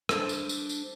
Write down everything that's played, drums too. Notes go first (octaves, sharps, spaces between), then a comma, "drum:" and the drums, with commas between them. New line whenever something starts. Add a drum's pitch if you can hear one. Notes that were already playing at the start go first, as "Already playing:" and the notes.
G3 D4 A4 C5, drum: rim click
drum: tambourine
drum: tambourine
drum: tambourine